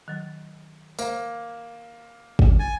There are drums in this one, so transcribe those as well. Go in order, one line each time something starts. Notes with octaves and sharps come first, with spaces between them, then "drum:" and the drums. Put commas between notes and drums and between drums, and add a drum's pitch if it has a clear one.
D#3 F#3
A#3 C5, drum: tambourine
drum: kick
G#5 A6